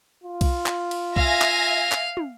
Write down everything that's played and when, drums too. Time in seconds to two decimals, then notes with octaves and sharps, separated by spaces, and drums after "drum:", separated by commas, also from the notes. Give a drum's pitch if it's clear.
0.24 F4
0.41 drum: kick B1, cymbal
0.66 drum: clap
0.91 drum: cymbal
1.16 E5 F5 G#5 A#6, drum: kick B1
1.42 drum: clap
1.92 drum: clap
2.17 drum: tom